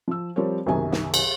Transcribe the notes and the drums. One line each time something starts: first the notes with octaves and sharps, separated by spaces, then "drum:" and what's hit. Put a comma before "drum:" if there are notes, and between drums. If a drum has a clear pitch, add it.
F3 E6
F3 G3 C4 A#4 C#5
F#1 B1 F#2 C3 D#3 G#5
drum: snare
drum: cymbal